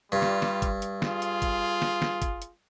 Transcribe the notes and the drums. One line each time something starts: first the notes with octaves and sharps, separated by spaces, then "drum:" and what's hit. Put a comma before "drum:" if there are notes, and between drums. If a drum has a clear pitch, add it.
G2 G3 F4
drum: snare
drum: snare
drum: kick, hi-hat
drum: hi-hat
F4 G#4, drum: snare
drum: hi-hat
drum: kick, hi-hat
drum: snare
drum: snare
drum: kick, hi-hat
drum: hi-hat